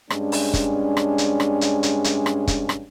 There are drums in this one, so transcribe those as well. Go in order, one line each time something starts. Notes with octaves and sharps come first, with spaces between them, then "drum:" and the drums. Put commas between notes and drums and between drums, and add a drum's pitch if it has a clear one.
G2 G#3 C#4 D4, drum: rim click
drum: open hi-hat
drum: kick, hi-hat
drum: rim click
drum: hi-hat
drum: rim click
drum: hi-hat
drum: hi-hat
drum: hi-hat
drum: rim click
drum: kick, hi-hat
drum: rim click